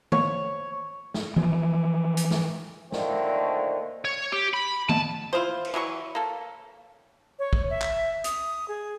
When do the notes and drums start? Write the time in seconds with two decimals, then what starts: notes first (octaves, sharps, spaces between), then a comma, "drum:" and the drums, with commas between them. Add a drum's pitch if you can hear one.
0.12 C#5, drum: tom D#3
1.14 drum: snare
1.36 E3 F3, drum: tom D#3
2.17 drum: hi-hat
2.31 drum: snare
2.92 A#2 D3 D#3 A3 A#3 C4, drum: snare
4.05 C#5
4.32 G4
4.54 B5
4.89 A5, drum: tom D#3
5.33 E4 F4 G#4 C5
5.65 drum: cymbal
5.74 E3 F#3 A#4 C#6
6.15 A#3 A4
7.39 C#5
7.53 drum: kick
7.70 E5
7.81 drum: clap
8.24 D#6, drum: hi-hat
8.68 G#4